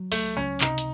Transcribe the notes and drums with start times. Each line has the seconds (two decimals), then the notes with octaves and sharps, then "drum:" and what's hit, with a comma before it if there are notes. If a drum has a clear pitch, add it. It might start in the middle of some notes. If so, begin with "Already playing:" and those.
Already playing: F#3
0.12 C#2 A3, drum: open hi-hat
0.36 C#2 C#4
0.61 C3 D#4, drum: clap
0.78 drum: hi-hat